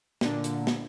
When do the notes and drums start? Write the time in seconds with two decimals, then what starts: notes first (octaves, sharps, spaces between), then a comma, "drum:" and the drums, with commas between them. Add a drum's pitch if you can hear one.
0.21 A#2 D3, drum: snare
0.44 drum: hi-hat
0.67 drum: snare